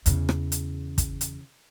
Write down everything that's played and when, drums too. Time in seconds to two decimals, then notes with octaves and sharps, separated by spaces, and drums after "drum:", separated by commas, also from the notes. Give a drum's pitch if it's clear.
0.06 E2 C#3, drum: hi-hat
0.29 drum: rim click
0.52 drum: hi-hat
0.98 drum: kick, hi-hat
1.21 drum: hi-hat